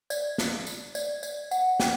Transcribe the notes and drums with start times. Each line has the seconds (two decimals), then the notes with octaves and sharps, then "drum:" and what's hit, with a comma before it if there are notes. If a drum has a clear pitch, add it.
0.10 D5, drum: tambourine
0.38 drum: snare
0.67 drum: tambourine
0.95 D5, drum: tambourine
1.23 D5, drum: tambourine
1.51 F#5, drum: tambourine
1.80 G5, drum: snare